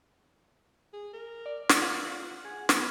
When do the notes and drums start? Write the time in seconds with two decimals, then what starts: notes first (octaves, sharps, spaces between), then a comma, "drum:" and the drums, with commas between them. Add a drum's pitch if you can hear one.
0.93 G#4
1.13 A#4
1.46 D5
1.69 drum: snare
1.82 F4 F#5
2.45 G#4
2.69 F#3 B3, drum: snare